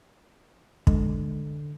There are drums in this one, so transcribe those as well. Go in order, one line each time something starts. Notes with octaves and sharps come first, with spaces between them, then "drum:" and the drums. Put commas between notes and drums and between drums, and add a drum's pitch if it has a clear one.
D3 G#3, drum: kick